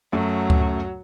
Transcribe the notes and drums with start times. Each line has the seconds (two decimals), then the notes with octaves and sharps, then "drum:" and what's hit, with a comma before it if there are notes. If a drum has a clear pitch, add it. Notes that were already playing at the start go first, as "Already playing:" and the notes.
0.13 F#2 F#3 A3
0.50 drum: kick D2